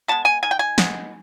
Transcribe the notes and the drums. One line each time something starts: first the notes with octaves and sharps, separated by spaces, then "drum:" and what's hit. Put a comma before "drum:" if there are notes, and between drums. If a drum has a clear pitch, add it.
G#3 B3 A5
G#5
D#3 G#5
G5
G#5
G#3 B3, drum: snare